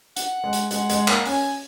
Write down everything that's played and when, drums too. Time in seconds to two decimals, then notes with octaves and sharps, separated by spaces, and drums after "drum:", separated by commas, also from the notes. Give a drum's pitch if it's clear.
0.16 F#5, drum: hi-hat
0.44 G#3
0.53 drum: hi-hat
0.71 G#3 F#5, drum: hi-hat
0.90 G#3, drum: hi-hat
1.08 A#3, drum: clap
1.25 C#4 G#5, drum: open hi-hat